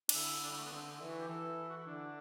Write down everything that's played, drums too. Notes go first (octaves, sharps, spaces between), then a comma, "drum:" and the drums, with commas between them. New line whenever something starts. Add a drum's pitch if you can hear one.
D4, drum: cymbal
D3 E4
D4
G3
A3
B3
D3 C4
E3 E4
F#4
G4
E3 A4
F#4
E4
D3 D4